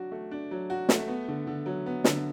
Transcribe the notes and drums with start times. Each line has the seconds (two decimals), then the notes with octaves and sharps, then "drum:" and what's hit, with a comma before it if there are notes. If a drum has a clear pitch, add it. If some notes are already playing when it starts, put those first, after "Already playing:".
Already playing: F#3 D4 F#4
0.12 A3
0.31 D4
0.51 F#3
0.70 F#4
0.89 A3, drum: snare
1.08 B3
1.28 D3
1.47 D3
1.66 F#3
1.86 B3
2.04 D3, drum: snare